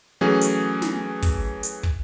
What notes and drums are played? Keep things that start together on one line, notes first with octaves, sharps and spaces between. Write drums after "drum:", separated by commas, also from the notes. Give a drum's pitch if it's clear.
E3 F#3 A3 C#4 G#4
drum: hi-hat
drum: snare
drum: kick, open hi-hat
drum: hi-hat
drum: kick